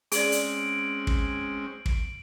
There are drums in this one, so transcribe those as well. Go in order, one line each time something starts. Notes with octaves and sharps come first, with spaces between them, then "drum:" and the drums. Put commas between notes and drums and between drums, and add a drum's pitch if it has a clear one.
G#3 C4 C#4 G#4 D5 D7 F#7, drum: hi-hat
drum: hi-hat
drum: kick
drum: kick